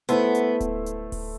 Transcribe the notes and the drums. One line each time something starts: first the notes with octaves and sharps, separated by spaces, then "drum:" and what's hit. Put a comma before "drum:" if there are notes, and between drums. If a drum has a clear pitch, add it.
A3 B3 E4 A4 C5, drum: hi-hat
drum: hi-hat
drum: kick D1, hi-hat
drum: hi-hat
drum: kick D1, open hi-hat